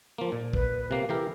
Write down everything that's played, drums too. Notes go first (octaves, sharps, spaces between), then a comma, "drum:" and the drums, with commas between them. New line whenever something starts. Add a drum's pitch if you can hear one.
F3 A#3
A#2
B4, drum: kick B1
C3 A#3 F5
E3 G4 A4 A#4